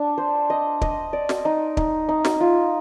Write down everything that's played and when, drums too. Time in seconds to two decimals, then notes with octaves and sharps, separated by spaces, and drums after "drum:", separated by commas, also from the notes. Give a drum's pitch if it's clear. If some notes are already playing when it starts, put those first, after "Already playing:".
Already playing: D4
0.18 C5
0.50 D#5
0.81 D#5, drum: kick
1.13 D5
1.29 drum: snare
1.45 D#4
1.77 D#4, drum: kick
2.09 D#4
2.25 drum: snare
2.40 F4